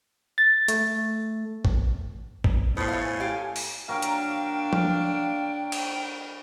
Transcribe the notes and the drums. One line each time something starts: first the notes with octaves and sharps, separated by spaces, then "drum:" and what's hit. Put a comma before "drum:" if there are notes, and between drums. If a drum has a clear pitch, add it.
A6
A3, drum: hi-hat
drum: kick
drum: kick
A2 F3 B3 C5
A3 F5
G#5
G4 F5
drum: open hi-hat
F#3 A#3 D4 A#4 F5 G5
drum: hi-hat
drum: tom F3
drum: cymbal